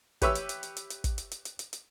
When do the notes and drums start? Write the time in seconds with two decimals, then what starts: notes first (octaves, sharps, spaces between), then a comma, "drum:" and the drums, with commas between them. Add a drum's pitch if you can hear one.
0.22 G4 B4 C#5 E5 E6, drum: kick, hi-hat
0.35 drum: hi-hat
0.49 drum: hi-hat
0.63 drum: hi-hat
0.76 drum: hi-hat
0.90 drum: hi-hat
1.04 drum: kick, hi-hat
1.18 drum: hi-hat
1.31 drum: hi-hat
1.45 drum: hi-hat
1.59 drum: hi-hat
1.73 drum: hi-hat